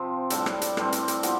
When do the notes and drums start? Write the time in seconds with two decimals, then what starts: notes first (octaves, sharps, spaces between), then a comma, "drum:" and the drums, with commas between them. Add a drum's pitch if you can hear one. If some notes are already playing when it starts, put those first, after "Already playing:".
Already playing: C3 F3 C4
0.30 A2 G3 D4 A4, drum: hi-hat
0.46 drum: rim click
0.62 drum: hi-hat
0.77 A2 E3 G3 C4, drum: rim click
0.92 drum: hi-hat
1.08 drum: hi-hat
1.23 F3 B3 E4 G4, drum: hi-hat